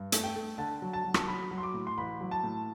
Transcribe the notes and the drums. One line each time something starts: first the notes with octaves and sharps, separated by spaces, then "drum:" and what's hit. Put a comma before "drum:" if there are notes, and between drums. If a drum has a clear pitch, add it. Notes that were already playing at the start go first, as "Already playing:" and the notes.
Already playing: G2
A3, drum: hi-hat
G5
A3
D3 A5
F#3
A5
F#3
drum: rim click
F#3 B5
F#3
C6
D6
A2
C6
A1 B5
F#3
A5
A2